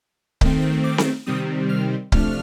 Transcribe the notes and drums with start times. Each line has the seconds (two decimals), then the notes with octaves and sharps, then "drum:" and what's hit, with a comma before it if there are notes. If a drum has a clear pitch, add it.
0.41 D#3 A3 C4, drum: kick C#1
0.84 D6
0.98 drum: snare C4
1.26 C3 D#3 G3 C4 D#6
1.69 F6
2.12 C3 F3 A3 D4 F6, drum: kick C#1